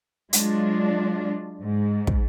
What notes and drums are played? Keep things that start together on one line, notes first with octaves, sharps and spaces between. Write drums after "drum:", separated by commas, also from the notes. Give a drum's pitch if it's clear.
F#3 G#3 D4 F4, drum: hi-hat
G#2
drum: kick